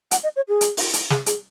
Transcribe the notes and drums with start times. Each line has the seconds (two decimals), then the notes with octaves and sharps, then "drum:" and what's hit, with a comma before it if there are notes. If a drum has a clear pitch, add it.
0.11 F#5, drum: hi-hat
0.23 D#5
0.36 C#5
0.48 G#4
0.61 drum: hi-hat
0.77 drum: open hi-hat
0.93 drum: hi-hat
1.10 G#4, drum: snare
1.26 G#4, drum: hi-hat